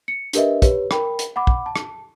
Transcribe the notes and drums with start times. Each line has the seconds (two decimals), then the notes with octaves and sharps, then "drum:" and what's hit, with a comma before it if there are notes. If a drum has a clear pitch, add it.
0.08 C#7
0.33 D4 G4 A#4 B4 D#5 E5, drum: hi-hat
0.62 G4 B4 C#5, drum: kick, hi-hat
0.91 A#4 G5 B5, drum: rim click
1.19 drum: hi-hat
1.36 F#5 B5 D6
1.47 drum: kick
1.66 A5
1.76 drum: rim click